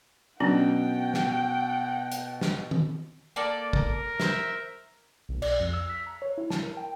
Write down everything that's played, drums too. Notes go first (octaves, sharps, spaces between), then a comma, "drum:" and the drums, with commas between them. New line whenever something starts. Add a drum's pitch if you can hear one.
B2 F#3 C#4 D4 F#5 G5
drum: snare
drum: hi-hat
drum: snare
drum: tom D#3
A#3 A4 D5
A#4, drum: kick
C5 E5, drum: snare
B1
D5, drum: cymbal
F2
E6
B6
A#5
C#5
E4
A5, drum: snare
A#4
G5